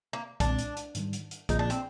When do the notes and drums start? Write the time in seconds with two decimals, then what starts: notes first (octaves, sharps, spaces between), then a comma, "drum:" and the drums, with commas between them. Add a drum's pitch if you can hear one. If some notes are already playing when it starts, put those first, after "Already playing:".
0.13 A#3
0.40 C2 A#2 G#3 C4 D4, drum: kick, hi-hat
0.59 drum: hi-hat
0.77 drum: hi-hat
0.95 G#2 D#3 G3, drum: hi-hat
1.13 drum: hi-hat
1.31 drum: hi-hat
1.49 A#2 F3 A#3 D#4 F4 G#4, drum: kick, hi-hat
1.59 D4
1.70 C4, drum: hi-hat